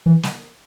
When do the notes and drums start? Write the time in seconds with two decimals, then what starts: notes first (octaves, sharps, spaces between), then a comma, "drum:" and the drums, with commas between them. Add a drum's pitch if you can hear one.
0.06 E3
0.23 drum: snare